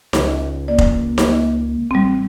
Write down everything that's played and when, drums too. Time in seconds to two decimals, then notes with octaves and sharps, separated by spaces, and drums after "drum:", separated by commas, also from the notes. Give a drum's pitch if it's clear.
0.13 C#2, drum: snare D#4
0.68 A#3 D5
0.78 drum: kick F1
1.18 drum: snare D#4
1.91 A1 G3 C4